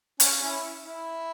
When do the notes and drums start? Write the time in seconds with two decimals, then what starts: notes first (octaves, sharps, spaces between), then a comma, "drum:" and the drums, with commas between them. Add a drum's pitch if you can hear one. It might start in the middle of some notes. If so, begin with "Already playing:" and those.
0.20 C#4, drum: hi-hat
0.41 C#4 E4
0.84 E4